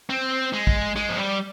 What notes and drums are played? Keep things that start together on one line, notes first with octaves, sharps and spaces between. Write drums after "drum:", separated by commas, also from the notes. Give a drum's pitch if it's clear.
C4
G#3
drum: kick
G#3, drum: rim click
F3
G3